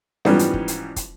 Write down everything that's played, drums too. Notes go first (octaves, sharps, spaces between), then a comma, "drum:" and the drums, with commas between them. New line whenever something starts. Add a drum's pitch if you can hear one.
G#2 E3 F3 G3 B3 C#4, drum: snare C4
drum: hi-hat
drum: kick
drum: hi-hat
drum: kick, hi-hat